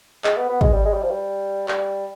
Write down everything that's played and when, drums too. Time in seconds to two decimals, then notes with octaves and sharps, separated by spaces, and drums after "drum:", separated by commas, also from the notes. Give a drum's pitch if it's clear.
0.24 G#3, drum: clap
0.37 B3
0.49 B3
0.61 G#3, drum: kick
0.73 G3
0.85 G#3
0.93 G3
1.02 F3
1.10 G3
1.68 G3, drum: clap